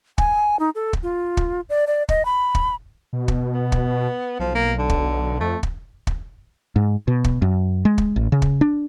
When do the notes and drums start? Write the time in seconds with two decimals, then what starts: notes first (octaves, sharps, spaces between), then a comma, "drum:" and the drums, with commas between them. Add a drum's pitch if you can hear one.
0.18 G#5, drum: kick
0.59 D#4
0.75 A4
0.93 drum: kick
1.03 F4
1.37 drum: kick
1.69 D5
1.87 D5
2.09 D#5, drum: kick
2.25 B5
2.55 drum: kick
3.13 B2
3.28 drum: kick
3.55 B3
3.72 drum: kick
4.39 B1 F3
4.55 A#3
4.78 D3
4.90 drum: kick
5.41 F2 A3
5.63 drum: kick
6.07 drum: kick
6.76 G#2
7.08 B2
7.24 drum: kick
7.42 F#2
7.85 G#3
7.98 drum: kick
8.16 A1
8.32 C#3
8.42 drum: kick
8.61 D4